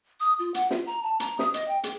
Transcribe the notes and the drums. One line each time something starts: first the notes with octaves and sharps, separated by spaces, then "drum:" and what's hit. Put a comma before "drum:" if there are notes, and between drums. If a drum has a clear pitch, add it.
D#6
F4
F#5, drum: hi-hat
F4, drum: snare
A#5
A5
A#5, drum: hi-hat
D#6, drum: snare
D#5, drum: hi-hat
G5
G#4, drum: hi-hat